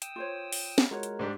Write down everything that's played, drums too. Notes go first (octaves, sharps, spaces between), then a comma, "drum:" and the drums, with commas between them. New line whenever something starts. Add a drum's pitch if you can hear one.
G5 D#6 E6, drum: hi-hat
F4 C5 C#5
drum: open hi-hat
drum: snare
G#3 F4 F#4 A#4 C#5
drum: hi-hat
G#2 D4 G4